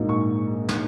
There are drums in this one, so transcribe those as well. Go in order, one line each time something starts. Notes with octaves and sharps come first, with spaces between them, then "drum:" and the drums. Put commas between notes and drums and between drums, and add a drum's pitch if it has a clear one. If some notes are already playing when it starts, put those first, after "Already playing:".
Already playing: A#1 G#2 F#3 A#3 D#4
C#6
drum: snare